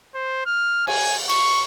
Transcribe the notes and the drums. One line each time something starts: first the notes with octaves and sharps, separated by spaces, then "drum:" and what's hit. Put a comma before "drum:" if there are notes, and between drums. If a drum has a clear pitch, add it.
C5
F6
G#5, drum: cymbal
C#6, drum: cymbal